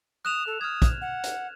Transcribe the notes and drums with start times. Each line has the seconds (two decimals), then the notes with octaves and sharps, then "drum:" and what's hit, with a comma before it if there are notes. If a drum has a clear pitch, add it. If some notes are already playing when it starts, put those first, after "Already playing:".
0.25 D#6 F#6 E7 F7
0.47 A4
0.61 D#6 F6 G#6
0.82 drum: kick, hi-hat
1.01 F#5
1.24 drum: hi-hat